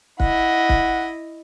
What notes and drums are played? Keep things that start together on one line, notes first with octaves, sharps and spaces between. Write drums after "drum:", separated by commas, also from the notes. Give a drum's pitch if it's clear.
E4 D#5 F#5, drum: kick
drum: kick